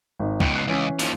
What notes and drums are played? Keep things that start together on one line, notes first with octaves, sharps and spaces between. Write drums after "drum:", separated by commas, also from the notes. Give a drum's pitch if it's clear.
G#1 D#4
C#2 B2 G5, drum: kick C#2
F#6 C7
C#2 E3 C#4 B6
D#2 F3, drum: open hi-hat